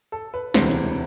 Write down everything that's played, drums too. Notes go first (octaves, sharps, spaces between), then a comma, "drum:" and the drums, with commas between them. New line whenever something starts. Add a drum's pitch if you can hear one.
A4
B4
E1 D2 C3 E3 C5, drum: snare
drum: hi-hat